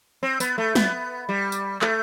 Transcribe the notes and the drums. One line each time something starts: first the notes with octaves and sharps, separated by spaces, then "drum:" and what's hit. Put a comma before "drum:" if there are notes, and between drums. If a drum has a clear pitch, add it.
C4
B3, drum: tambourine
A3
B3, drum: snare
G3
drum: tambourine
A3, drum: clap